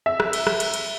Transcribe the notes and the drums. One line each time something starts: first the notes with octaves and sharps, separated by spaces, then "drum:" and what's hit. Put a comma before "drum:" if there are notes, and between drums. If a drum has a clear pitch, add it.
E5
drum: rim click
drum: cymbal
drum: rim click
drum: cymbal
drum: cymbal